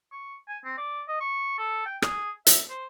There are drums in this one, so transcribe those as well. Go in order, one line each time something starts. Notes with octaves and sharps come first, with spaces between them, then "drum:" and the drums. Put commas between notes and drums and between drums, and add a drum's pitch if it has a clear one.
C#6
G#5
C4
D5
D#5
C#6
A4
G5
G#4, drum: rim click
E5, drum: hi-hat
C5